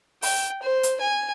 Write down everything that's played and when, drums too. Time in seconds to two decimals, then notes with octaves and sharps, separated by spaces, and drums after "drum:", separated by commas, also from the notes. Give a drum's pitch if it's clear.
0.22 G5, drum: open hi-hat
0.62 C5
0.83 drum: hi-hat
1.01 G#5